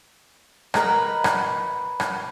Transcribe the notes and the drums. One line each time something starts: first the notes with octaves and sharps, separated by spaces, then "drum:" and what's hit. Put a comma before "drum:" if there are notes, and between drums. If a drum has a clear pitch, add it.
A#4 B4 D#5 A#5, drum: rim click
drum: rim click
drum: rim click